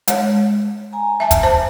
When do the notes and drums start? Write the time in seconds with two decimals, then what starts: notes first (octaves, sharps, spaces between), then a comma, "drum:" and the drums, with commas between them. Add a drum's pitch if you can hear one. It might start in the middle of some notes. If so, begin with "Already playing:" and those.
0.08 G#3 C#5, drum: hi-hat
0.93 G#5 A#5
1.20 E5 A5
1.31 drum: kick, hi-hat
1.43 C5 A5